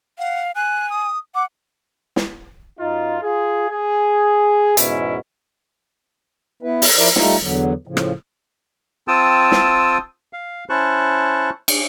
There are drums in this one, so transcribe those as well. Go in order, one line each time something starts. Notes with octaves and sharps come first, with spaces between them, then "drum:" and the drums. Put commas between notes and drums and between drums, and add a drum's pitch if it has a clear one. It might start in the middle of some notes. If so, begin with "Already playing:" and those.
F5 F#5
G#5 F#6
D#6
F#5 D6
drum: snare
F#2 D#4 F4
F4 G#4
G#4
E2 G#2 B2 C#4 E4, drum: hi-hat
B3 E4 B4
drum: open hi-hat
F3 E4 A#4 D5
G3 A3 D#4 F4, drum: snare
E2 D3 F#3
A2 C#3 F3
drum: rim click
C4 F4 G5 A5 D#6 E6
drum: snare
F5
C#4 E4 C5 A5 C#6 F#6
drum: cymbal